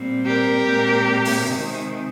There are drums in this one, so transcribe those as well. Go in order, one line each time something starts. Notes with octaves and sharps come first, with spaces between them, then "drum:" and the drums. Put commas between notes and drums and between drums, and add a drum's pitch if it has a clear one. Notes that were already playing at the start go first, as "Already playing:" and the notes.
Already playing: A#2 G3 C4
G4 A#4
A#2 G#3 C4
drum: open hi-hat
C3 D#3 G#3 C4